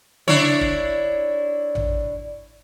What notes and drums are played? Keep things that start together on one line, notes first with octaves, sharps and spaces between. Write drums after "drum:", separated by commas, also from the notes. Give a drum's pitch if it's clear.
D4 E4 C#5, drum: tom C#3
drum: kick
drum: tom A1